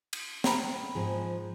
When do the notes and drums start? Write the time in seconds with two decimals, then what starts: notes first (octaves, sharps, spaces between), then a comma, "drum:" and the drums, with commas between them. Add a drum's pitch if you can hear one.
0.13 drum: cymbal
0.44 G5 A#5 B5, drum: snare
0.95 G#2 F3 G#4